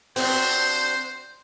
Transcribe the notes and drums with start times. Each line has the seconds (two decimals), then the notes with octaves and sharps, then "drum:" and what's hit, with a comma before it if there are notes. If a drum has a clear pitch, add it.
0.16 C4 D4 F#4 C5, drum: open hi-hat